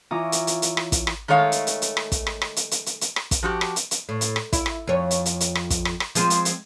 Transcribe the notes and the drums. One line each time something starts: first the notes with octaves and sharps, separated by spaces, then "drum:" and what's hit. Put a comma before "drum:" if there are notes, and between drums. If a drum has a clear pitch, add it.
E3 F4 C#5 A#5 D6 D#6
drum: hi-hat
drum: hi-hat
drum: hi-hat
drum: rim click
drum: kick, hi-hat
drum: rim click
D#3 G#3 A3 C#5 F5
drum: hi-hat
drum: hi-hat
drum: hi-hat
drum: rim click
drum: kick, hi-hat
drum: rim click
drum: rim click
drum: hi-hat
drum: hi-hat
drum: hi-hat
drum: hi-hat
drum: rim click
drum: kick, hi-hat
F3 F#4 G4
drum: rim click
drum: hi-hat
drum: hi-hat
A2
drum: hi-hat
drum: rim click
E4, drum: kick, hi-hat
drum: rim click
F2 C#5
drum: hi-hat
drum: hi-hat
drum: hi-hat
drum: rim click
drum: kick, hi-hat
drum: rim click
drum: rim click
F3 G#3 C4, drum: hi-hat
drum: hi-hat
drum: hi-hat